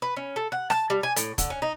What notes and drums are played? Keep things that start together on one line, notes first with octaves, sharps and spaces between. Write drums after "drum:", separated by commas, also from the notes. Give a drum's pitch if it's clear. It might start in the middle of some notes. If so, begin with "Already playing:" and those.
B4
C#4
A4
F#5
A5, drum: rim click
G3
G#5
A2, drum: hi-hat
D3, drum: kick, hi-hat
C#4
D#4